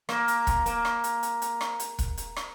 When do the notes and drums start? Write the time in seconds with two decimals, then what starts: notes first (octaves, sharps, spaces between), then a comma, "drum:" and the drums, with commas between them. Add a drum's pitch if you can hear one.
0.09 A#3, drum: rim click
0.28 drum: hi-hat
0.47 drum: kick, hi-hat
0.66 A#3, drum: hi-hat
0.85 drum: rim click
1.04 drum: hi-hat
1.23 drum: hi-hat
1.42 drum: hi-hat
1.61 drum: rim click
1.80 drum: hi-hat
1.99 drum: kick, hi-hat
2.17 drum: hi-hat
2.36 drum: rim click